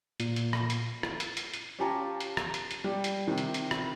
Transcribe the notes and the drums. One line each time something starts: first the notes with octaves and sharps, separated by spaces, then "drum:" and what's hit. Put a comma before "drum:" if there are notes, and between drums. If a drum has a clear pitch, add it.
A#2, drum: hi-hat
drum: hi-hat
drum: rim click
drum: hi-hat
drum: rim click
drum: hi-hat
drum: hi-hat
drum: hi-hat
C#4 F4 G4 C#5 A5 A#5
drum: hi-hat
drum: rim click
drum: hi-hat
drum: hi-hat
G3
drum: hi-hat
C3 D#3
drum: hi-hat
drum: hi-hat
drum: rim click